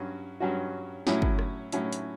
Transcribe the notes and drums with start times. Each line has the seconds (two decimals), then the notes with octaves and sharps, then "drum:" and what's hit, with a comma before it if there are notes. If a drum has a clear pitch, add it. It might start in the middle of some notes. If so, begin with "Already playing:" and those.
Already playing: G2 F#3 C#4 F#4
0.40 G2 F#3 C#4 F#4
1.07 A2 F#3 C#4 E4, drum: snare
1.22 drum: kick
1.39 drum: rim click
1.72 A2 F#3 C#4 E4, drum: hi-hat
1.93 drum: hi-hat